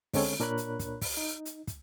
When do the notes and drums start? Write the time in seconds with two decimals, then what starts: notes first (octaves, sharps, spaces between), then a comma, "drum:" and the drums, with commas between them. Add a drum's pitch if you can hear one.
0.14 D3 G#3 C4 C#4 A4 C#5, drum: kick, open hi-hat
0.40 A#2 D4 A#4 C#5 B5 F#6
0.57 drum: hi-hat
0.79 drum: kick, hi-hat
1.01 drum: kick, open hi-hat
1.17 D#4
1.45 drum: hi-hat
1.67 drum: kick, hi-hat